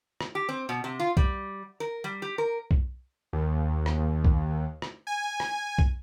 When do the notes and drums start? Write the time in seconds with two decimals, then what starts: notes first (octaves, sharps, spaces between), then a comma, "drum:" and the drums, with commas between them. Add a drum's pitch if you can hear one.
0.21 drum: rim click
0.35 G4
0.49 C4
0.69 B2
0.84 C3
1.00 F4
1.17 G3, drum: kick B1
1.80 A#4
2.04 G3
2.22 G4
2.38 A#4
2.71 drum: kick B1
3.33 D#2
3.86 drum: rim click
4.25 drum: kick B1
4.82 drum: rim click
5.07 G#5
5.40 drum: rim click
5.78 drum: kick B1